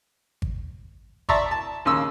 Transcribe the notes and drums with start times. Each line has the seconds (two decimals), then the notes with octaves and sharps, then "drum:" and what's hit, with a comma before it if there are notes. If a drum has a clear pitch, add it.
0.42 drum: kick G#1
1.29 D5 E5 A5 A#5 C6 C#6, drum: kick G#1
1.51 A5
1.85 D#2 C#3 C6 E6